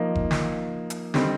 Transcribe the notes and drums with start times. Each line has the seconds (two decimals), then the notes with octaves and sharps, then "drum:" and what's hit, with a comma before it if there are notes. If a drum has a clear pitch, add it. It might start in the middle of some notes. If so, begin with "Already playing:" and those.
Already playing: F3 A#3 D#4
0.15 drum: kick F#1
0.31 drum: snare
0.90 drum: hi-hat
1.14 D3 G3 C4 D#4, drum: snare